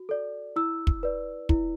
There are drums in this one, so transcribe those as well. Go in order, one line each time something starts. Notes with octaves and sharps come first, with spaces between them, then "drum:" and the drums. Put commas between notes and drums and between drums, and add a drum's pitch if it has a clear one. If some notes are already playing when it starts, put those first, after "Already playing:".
Already playing: F#4
A4 D5
E4 E6
drum: kick
B4 D5
E4, drum: kick